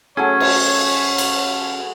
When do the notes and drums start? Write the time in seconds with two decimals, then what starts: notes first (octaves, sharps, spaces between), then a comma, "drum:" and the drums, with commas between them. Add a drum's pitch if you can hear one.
0.17 F#3 A3 C#4 G#4 C#5
0.40 drum: cymbal
1.18 drum: cymbal